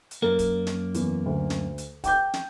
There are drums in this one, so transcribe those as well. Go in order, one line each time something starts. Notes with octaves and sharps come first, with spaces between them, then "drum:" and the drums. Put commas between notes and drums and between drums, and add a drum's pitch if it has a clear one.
drum: hi-hat
F#2 A#3 A#4
drum: kick, hi-hat
drum: snare
E2, drum: hi-hat
D2
drum: snare
drum: hi-hat
G5 D6 G6, drum: kick, hi-hat
drum: snare